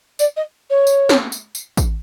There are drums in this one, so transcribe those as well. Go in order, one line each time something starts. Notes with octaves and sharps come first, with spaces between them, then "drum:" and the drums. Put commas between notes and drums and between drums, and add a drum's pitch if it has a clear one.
D5, drum: tambourine
D#5
C#5
drum: tambourine
drum: snare
drum: tambourine
drum: tambourine
drum: kick A1, tambourine